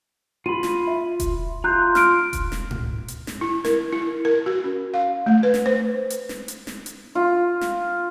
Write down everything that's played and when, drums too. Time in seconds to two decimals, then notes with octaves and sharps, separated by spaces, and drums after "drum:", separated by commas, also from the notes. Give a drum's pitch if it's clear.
0.46 F4 B5 D#7
0.63 drum: snare
0.87 E5
1.20 drum: kick E1, hi-hat
1.64 F4 A#5 F#6 G6
1.95 F6 D7, drum: snare
2.33 drum: kick E1, hi-hat
2.52 drum: snare
2.71 drum: tom G#2
3.08 drum: hi-hat
3.27 drum: snare
3.41 E4
3.65 A#4, drum: snare
3.93 E4
4.25 A#4
4.46 F#4
4.64 C#4
4.94 F5
5.26 A3
5.43 B4
5.54 drum: snare
5.66 C5
6.10 drum: hi-hat
6.29 drum: snare
6.48 drum: hi-hat
6.67 drum: snare
6.86 drum: hi-hat
7.15 F4
7.61 drum: snare